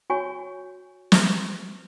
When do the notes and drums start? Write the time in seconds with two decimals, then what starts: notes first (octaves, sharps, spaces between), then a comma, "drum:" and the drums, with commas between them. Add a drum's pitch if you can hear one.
0.10 F#4 C#5 G#5 C#6
1.12 drum: snare